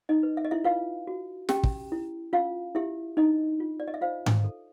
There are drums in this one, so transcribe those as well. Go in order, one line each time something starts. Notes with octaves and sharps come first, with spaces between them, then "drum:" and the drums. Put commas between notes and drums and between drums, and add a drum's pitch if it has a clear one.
D#4 D#5
B4
E5
D#5
E4 E5
F4 B4 F5
F#4
C#4 G4 G5, drum: snare
drum: kick
E4
C#4 F4 F5
E4 G4 E5
D4 D#4 D#5
F4
D5
D#5
E5
F4 C5 F5
drum: tom G#2
A4